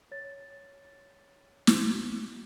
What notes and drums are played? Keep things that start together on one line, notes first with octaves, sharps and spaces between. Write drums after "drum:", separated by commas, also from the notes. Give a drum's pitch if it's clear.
C#5 A6
drum: snare